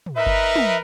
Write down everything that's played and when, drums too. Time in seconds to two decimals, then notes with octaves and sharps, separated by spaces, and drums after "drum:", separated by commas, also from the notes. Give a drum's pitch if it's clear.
0.06 drum: tom
0.16 D#4 A#4 B4 E5
0.26 drum: kick G1
0.56 drum: tom